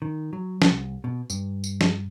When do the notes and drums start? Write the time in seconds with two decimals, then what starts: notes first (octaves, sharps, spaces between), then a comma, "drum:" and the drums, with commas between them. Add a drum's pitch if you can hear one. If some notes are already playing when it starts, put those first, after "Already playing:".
0.02 D#3
0.33 F#3
0.62 drum: snare
0.71 C2
1.04 B2
1.30 G2, drum: tambourine
1.64 drum: tambourine
1.81 drum: snare